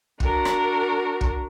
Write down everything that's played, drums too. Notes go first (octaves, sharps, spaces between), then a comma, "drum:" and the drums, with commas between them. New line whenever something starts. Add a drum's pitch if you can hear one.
D4 F#4 A#4, drum: kick
drum: rim click
drum: kick